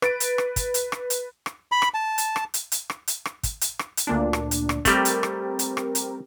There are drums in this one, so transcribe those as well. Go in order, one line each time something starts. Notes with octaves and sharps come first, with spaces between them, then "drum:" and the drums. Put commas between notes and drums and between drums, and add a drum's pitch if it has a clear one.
B4 A6 D7, drum: rim click
drum: hi-hat
drum: rim click
drum: kick, hi-hat
drum: hi-hat
drum: rim click
drum: hi-hat
drum: rim click
B5
drum: rim click
A5
drum: hi-hat
drum: rim click
drum: hi-hat
drum: hi-hat
drum: rim click
drum: hi-hat
drum: rim click
drum: kick, hi-hat
drum: hi-hat
drum: rim click
drum: hi-hat
D2 A#2 D4
drum: rim click
drum: hi-hat
drum: rim click
G3 A3 C4 G4 A#4, drum: kick, hi-hat
drum: hi-hat
drum: rim click
drum: hi-hat
drum: rim click
drum: hi-hat